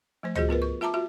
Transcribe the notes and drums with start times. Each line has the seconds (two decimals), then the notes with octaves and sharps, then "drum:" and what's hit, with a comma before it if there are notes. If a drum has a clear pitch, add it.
0.23 F3 A3 C5
0.35 F4 F#4 G#4 C5 D#5, drum: tom C#2
0.49 B3 F4 A#4 B4
0.62 C#6
0.81 F4 E5 A5 A#5 D6
0.94 F4 F#4 E5